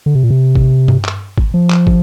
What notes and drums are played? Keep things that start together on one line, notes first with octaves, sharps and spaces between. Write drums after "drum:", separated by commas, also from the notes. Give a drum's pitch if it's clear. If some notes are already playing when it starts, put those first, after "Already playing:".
D3
C3
A#2
C3
drum: kick
drum: tom G2
drum: clap
drum: kick
F3
drum: clap
drum: kick